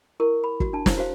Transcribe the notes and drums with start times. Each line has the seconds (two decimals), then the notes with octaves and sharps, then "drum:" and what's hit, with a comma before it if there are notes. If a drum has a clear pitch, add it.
0.20 E4 A#4 C#6
0.44 B5
0.60 F#4, drum: kick
0.73 D4 A5
0.86 E4 C5, drum: snare
0.98 F#4 C5 F5